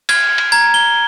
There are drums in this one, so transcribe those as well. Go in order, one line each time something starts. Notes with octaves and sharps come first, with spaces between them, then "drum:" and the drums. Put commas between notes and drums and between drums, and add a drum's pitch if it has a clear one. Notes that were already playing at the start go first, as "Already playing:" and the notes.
F6 G#6, drum: cymbal
drum: cymbal
A#5 G#6
G7